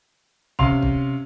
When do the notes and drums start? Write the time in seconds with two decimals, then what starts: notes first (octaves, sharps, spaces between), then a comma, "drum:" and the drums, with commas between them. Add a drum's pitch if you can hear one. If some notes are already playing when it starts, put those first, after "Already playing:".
0.59 C3 C#4 F5 C6 F7, drum: kick
0.83 drum: kick